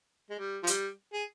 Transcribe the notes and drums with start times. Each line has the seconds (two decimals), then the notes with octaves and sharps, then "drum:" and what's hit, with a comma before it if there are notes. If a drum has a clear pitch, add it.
0.30 G#3
0.39 G3
0.63 F3
0.67 G3, drum: hi-hat
1.13 G#4